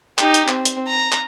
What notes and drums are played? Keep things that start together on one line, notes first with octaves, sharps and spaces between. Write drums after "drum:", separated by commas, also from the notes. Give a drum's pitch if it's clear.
D#4 G4, drum: clap
drum: hi-hat
C4, drum: clap
drum: hi-hat
A#5
drum: clap